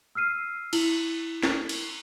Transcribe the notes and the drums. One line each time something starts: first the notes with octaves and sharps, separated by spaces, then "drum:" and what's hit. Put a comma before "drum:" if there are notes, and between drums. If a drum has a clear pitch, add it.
E6 F6 C7 D#7
E4 F#7, drum: cymbal
drum: snare
drum: cymbal